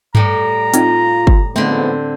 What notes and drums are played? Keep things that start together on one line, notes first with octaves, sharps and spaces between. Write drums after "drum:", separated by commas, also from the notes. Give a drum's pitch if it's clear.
A2 G3 A#5, drum: tom G2
C4 D#4 F4, drum: hi-hat
drum: kick
G#2 D3 F3 A3 B3 C4